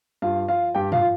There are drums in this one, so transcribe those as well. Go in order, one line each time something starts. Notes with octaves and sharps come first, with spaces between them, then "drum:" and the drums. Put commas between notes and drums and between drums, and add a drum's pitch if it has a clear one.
G2 F4 F5
F3 F4 F5
G2 G4 G5
F4 F5, drum: tom
F3